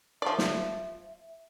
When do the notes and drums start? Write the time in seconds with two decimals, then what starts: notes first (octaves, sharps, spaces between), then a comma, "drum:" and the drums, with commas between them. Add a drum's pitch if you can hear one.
0.22 F3 D5 E5
0.38 drum: snare